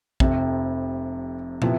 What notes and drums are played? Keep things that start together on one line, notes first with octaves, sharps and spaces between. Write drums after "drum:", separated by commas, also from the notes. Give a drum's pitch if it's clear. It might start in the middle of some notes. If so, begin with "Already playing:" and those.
F1 F2 C3, drum: kick
C3 F3 B3 E4, drum: tom